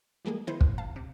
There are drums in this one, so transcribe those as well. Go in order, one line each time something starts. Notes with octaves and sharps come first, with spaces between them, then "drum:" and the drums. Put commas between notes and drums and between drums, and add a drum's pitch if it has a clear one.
E3 G3 G#3 A#3 G#4
D#3 B3 E4 C5
G2, drum: kick
F5 A5
C3